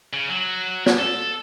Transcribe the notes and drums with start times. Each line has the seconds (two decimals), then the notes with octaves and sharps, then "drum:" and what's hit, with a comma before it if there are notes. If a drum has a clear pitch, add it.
0.13 C#3
0.30 F#3
0.86 drum: snare
0.99 A4